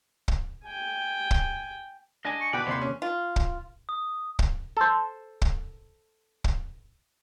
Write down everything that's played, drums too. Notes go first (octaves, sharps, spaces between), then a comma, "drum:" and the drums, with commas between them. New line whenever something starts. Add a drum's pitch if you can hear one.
drum: kick
G5 G#5
drum: kick
D4 D#5 G#5
C#6
B2 B4 D5 G5
D#2 C3 C5 D5 C6
C#4
F4
drum: kick
D#6
drum: kick
A4 C5
drum: kick
drum: kick